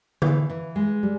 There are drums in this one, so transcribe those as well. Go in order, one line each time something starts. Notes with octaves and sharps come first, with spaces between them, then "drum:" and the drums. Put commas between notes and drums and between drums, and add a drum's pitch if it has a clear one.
E3 F5, drum: tom D3
E3
G#3
G3